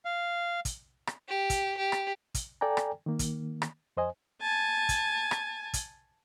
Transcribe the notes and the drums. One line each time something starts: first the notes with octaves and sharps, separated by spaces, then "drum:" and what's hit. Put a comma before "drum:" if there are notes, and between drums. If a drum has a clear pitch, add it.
F5
drum: kick, hi-hat
drum: rim click
G4
drum: kick, hi-hat
G4
drum: rim click
drum: kick, hi-hat
A4 D5 G5 G#5 A#5
drum: rim click
D#3 A#3
drum: kick, hi-hat
drum: rim click
F2 C5 D#5 G#5
G#5 A5
drum: kick, hi-hat
drum: rim click
drum: kick, hi-hat